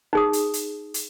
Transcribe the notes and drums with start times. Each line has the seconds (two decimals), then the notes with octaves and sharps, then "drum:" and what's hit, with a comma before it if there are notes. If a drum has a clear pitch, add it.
0.13 D#4 G#4 D#6
0.33 drum: hi-hat
0.54 drum: hi-hat
0.94 drum: hi-hat